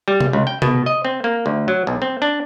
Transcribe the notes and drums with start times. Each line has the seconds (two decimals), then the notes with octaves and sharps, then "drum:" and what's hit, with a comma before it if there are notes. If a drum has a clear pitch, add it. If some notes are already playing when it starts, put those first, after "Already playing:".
0.08 G3
0.20 drum: tom C3
0.33 C#2
0.47 G5
0.62 B2, drum: tom C3
0.86 D#5
1.05 C4
1.24 A#3
1.46 D2
1.68 F#3
1.87 B1
2.02 C4
2.22 D4